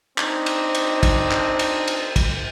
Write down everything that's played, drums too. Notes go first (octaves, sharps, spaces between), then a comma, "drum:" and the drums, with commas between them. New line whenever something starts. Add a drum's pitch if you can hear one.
C4 D4 D#4, drum: clap
drum: cymbal
drum: cymbal
drum: kick, cymbal
drum: clap
drum: cymbal
drum: cymbal
drum: kick, cymbal